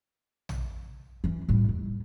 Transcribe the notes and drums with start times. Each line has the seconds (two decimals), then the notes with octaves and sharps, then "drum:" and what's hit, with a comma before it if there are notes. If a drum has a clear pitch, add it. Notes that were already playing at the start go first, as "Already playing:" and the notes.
0.49 drum: tom A#1
1.24 E3 C#4
1.49 A2 G3
1.69 D#2